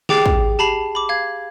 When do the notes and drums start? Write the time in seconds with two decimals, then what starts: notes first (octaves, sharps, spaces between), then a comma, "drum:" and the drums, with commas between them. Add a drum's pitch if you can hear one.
0.09 G4 G#4 G5 D6 A6 C7, drum: snare
0.26 drum: kick
0.59 G4 A5 B5 C7 F7
0.95 B5 D6
1.09 F5 G#6